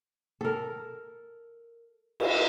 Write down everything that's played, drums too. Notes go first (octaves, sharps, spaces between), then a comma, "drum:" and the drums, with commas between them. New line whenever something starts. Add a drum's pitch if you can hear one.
A4 A#4
drum: cymbal